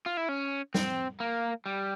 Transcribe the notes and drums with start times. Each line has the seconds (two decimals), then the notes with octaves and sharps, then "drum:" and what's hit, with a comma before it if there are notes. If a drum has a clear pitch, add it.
0.06 F4
0.17 E4
0.29 C#4
0.74 C4, drum: snare G3
1.20 A#3
1.66 G3